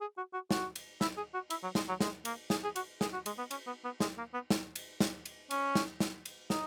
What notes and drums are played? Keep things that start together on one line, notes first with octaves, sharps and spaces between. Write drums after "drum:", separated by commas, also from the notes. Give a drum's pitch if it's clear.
G#4
F#4
F#4
F#4, drum: snare
drum: cymbal
E4, drum: snare
G#4
F#4
E4, drum: cymbal
F#3
G#3, drum: snare
F#3
G#3, drum: snare
A#3, drum: cymbal
G#4, drum: snare
G#4
F#4, drum: cymbal
G#4, drum: snare
F#4
G#3, drum: cymbal
B3
C#4, drum: cymbal
B3
B3
G#3, drum: snare
A#3
B3
drum: snare
drum: cymbal
drum: snare
drum: cymbal
C#4, drum: cymbal
drum: snare
drum: snare
drum: cymbal
D#4, drum: snare